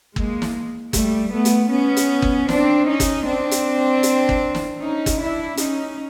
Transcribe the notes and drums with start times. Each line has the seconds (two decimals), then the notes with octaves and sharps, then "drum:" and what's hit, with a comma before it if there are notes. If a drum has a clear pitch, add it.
0.16 G#3 A#3, drum: kick
0.42 drum: snare
0.93 G3 A3, drum: kick, hi-hat
1.32 A3 B3
1.45 drum: hi-hat
1.70 B3 C#4
1.97 drum: hi-hat
2.22 drum: kick
2.49 C4 D4, drum: snare
2.87 C#4 D#4
3.00 drum: kick, hi-hat
3.25 C4 D4
3.51 drum: hi-hat
4.03 drum: hi-hat
4.29 drum: kick
4.55 drum: snare
4.80 C#4 D#4
5.06 drum: kick, hi-hat
5.18 D4 E4
5.57 C#4 D#4, drum: hi-hat